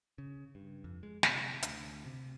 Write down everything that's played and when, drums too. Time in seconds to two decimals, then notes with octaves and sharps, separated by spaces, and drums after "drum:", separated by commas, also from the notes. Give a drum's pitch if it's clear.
0.18 C#3
0.55 G2
0.84 F2
1.03 G#3
1.23 C3, drum: snare
1.63 D2, drum: hi-hat
2.06 C3